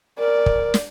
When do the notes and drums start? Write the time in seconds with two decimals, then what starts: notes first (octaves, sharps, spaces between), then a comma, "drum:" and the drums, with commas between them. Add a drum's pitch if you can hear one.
0.19 A#4 D5
0.46 drum: kick
0.74 drum: snare